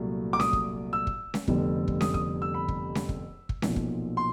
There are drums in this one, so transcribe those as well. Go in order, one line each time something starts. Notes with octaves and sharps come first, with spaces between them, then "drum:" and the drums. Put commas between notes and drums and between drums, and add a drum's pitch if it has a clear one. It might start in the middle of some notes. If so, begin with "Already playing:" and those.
Already playing: C2 A#2 F#3 A3
D6
D#6, drum: snare C#4
drum: kick
E6
drum: kick
drum: snare C#4
F1 F2 D3 G3 B3, drum: kick
drum: kick
D#6, drum: snare C#4
D#6, drum: kick
E6
B5
drum: kick
drum: snare C#4
drum: kick
drum: kick
B1 A#2 F3, drum: snare C#4
drum: kick
C6